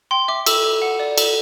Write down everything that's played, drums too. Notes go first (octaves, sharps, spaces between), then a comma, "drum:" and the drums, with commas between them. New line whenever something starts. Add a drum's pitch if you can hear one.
G5 C6
E5 D6
A4 E6, drum: cymbal
A4
F#5
D5
A4, drum: cymbal